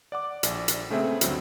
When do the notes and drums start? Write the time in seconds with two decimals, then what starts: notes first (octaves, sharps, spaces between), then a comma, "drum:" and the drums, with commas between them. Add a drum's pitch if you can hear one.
0.12 D5 F#5 D6
0.43 A#1 D5, drum: hi-hat
0.68 drum: hi-hat
0.90 C#3 A3 B3 C4 G#4 E5
1.21 D2 G2 F#3 C4, drum: hi-hat